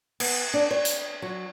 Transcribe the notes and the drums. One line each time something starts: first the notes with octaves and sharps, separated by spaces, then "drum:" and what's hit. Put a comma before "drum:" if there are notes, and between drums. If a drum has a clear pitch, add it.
B3, drum: cymbal
D4
C#5
drum: hi-hat
F#3